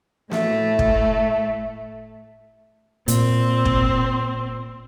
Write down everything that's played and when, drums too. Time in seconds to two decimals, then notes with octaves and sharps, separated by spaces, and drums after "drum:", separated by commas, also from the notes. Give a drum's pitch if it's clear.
0.31 A2 A3, drum: snare
0.79 drum: kick
3.08 A#2 C4, drum: hi-hat
3.65 drum: kick